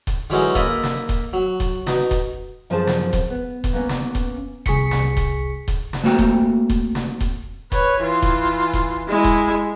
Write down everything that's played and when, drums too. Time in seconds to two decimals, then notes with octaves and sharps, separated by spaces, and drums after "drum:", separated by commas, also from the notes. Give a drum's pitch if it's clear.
0.07 drum: kick D#1, hi-hat
0.30 D3 E3 F#3 G#3 C#4 D#4
0.55 A#3 A4 D#5 B5 D#6, drum: kick D#1, hi-hat
0.83 drum: snare
1.09 drum: kick D#1, hi-hat
1.33 F#3
1.60 drum: kick D#1, hi-hat
1.87 B2 D#4, drum: snare
2.11 drum: kick D#1, hi-hat
2.70 F#2 F3 C4 G#4 C5 A5
2.87 drum: snare
3.13 drum: kick D#1, hi-hat
3.30 B3
3.64 drum: kick D#1, hi-hat
3.73 A#3 B3 C#4
3.89 drum: snare
4.15 drum: kick D#1, hi-hat
4.66 C2 G#4 C#6 B6 C#7, drum: kick D#1, hi-hat
4.91 drum: snare
5.17 drum: kick D#1, hi-hat
5.68 drum: kick D#1, hi-hat
5.93 drum: snare
6.04 A3 A#3 C4 F#4 G5
6.19 drum: kick D#1, hi-hat
6.69 drum: kick D#1, hi-hat
6.95 drum: snare
7.20 drum: kick D#1, hi-hat
7.72 B4 C#5, drum: kick D#1, hi-hat
8.01 E3 F4
8.22 drum: kick D#1, hi-hat
8.73 drum: kick D#1, hi-hat
9.08 G#3 E4
9.24 drum: kick D#1, hi-hat